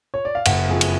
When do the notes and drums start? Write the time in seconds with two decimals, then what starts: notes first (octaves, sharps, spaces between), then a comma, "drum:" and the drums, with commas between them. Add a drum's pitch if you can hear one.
0.14 C#5
0.25 D5
0.35 F5
0.46 F#1 F#5, drum: cymbal
0.69 F2 G#4
0.81 drum: cymbal